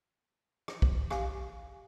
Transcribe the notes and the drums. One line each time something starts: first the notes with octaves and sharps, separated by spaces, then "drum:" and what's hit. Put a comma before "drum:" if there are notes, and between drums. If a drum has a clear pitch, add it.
drum: rim click
drum: kick
G4 F5 G#5, drum: rim click